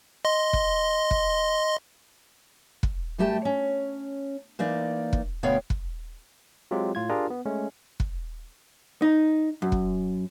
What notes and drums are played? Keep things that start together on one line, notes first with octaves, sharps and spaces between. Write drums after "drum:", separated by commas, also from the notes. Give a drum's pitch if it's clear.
D#5 C6
drum: kick
drum: kick
drum: kick
F#2 G3 A3 G4 G5 A5
C#4
E3 A#3 D#4 D5
drum: kick
D2 B2 B3 C#5 F5 G5
drum: kick
F#3 G#3 C4 F4 G4
A2 F4 G#6
D4 F4 G4 G#4 A#4 A#5
B3
G#3 A3 C#4
drum: kick
D#4
F#2
drum: kick